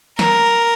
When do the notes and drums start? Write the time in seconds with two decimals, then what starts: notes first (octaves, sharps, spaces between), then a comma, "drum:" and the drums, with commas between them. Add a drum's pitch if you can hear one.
0.19 A#4, drum: snare